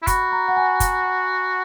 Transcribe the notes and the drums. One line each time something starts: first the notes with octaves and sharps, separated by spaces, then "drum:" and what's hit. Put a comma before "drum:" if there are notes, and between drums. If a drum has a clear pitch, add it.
E4
F#4 B5, drum: kick, hi-hat
A#5
F#5
G#5
drum: kick, hi-hat